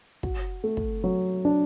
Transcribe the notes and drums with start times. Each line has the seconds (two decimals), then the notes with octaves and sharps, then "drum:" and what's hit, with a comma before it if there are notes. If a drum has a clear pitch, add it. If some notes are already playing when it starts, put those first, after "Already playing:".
0.23 F#4, drum: kick
0.64 A3
0.77 drum: kick
1.04 F#3
1.45 D4